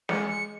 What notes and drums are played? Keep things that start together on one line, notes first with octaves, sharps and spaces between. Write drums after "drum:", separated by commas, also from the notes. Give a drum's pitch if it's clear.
G#3 C#7, drum: snare
C#7